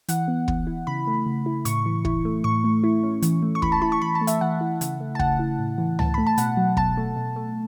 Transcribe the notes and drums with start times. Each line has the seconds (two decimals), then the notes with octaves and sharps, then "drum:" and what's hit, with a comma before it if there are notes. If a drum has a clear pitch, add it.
0.08 E3 F#5, drum: hi-hat
0.28 B3
0.48 E3, drum: kick
0.67 E4
0.87 C#3 B5
1.07 A3
1.26 C#3
1.46 E4
1.65 A2 C#6, drum: hi-hat
1.86 E3
2.05 E4, drum: kick
2.25 A3
2.44 A2 C#6
2.64 A3
2.84 E4
3.03 C#4
3.22 E3, drum: hi-hat
3.42 A3
3.55 C#6
3.62 E3 B5, drum: kick
3.72 A5
3.82 E4 B5
3.92 C#6
4.02 E3 B5
4.15 A5
4.21 A3
4.27 E5, drum: hi-hat
4.41 E3 F#5
4.61 E4
4.81 C#3, drum: hi-hat
5.00 A3
5.15 A5
5.19 C#3 F#5, drum: kick
5.39 E4
5.59 A2
5.78 E3
5.99 A2 A5, drum: tom C#2
6.14 A3 B5
6.27 A5
6.38 B2 F#5, drum: hi-hat
6.57 F#3
6.77 B2 A5, drum: kick
6.97 A3
7.16 B2
7.36 A3